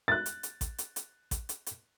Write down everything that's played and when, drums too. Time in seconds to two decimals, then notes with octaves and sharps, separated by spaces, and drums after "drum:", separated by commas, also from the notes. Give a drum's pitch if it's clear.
0.08 F#6 A6
0.26 drum: hi-hat
0.43 drum: hi-hat
0.61 drum: kick A1, hi-hat
0.78 drum: hi-hat
0.96 drum: hi-hat
1.31 drum: kick A1, hi-hat
1.49 drum: hi-hat
1.66 drum: hi-hat